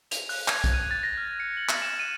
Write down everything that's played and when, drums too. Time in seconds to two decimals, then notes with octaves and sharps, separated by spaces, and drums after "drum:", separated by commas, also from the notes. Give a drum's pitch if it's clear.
0.11 F7, drum: hi-hat
0.29 F#6, drum: open hi-hat
0.48 G#6, drum: clap
0.64 drum: kick B1, hi-hat
0.74 D#7
0.91 A6
1.03 A#6
1.17 F6
1.40 C#7
1.57 F#7
1.69 drum: clap
1.82 E7
1.99 D#7